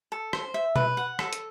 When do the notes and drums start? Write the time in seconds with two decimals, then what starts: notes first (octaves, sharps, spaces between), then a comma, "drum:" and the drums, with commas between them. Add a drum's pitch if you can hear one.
0.12 A4
0.33 C5, drum: rim click
0.54 E5
0.76 B4, drum: tom B2
0.97 F#5
1.19 A4, drum: rim click
1.33 drum: hi-hat